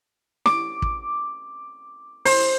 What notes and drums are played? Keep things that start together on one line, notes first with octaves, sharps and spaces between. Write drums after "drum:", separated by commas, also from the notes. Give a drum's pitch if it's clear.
D6, drum: snare
drum: kick
C5, drum: open hi-hat